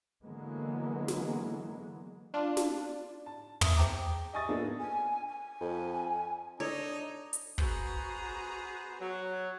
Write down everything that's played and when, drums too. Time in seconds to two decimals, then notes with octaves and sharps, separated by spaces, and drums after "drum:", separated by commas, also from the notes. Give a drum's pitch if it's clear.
0.24 D3 E3 F#3 G#3 A#3 B3
1.08 drum: snare
2.34 D4 F4
2.57 drum: snare
3.26 A5
3.61 E5 D#6, drum: tom
3.76 G#4 C5 G5 A5 A#5 D6
4.33 D#5 E5 G#5 C#6 D#6 A6
4.49 A#3 B3 D4 F4 G#4 A4
4.80 G#5
5.27 G#5
5.61 F2
6.60 D4 D#4 A4 C#5 A#5 D6
7.33 drum: hi-hat
7.58 B3 F#4 G#4 C5 A#5, drum: kick
9.00 F#3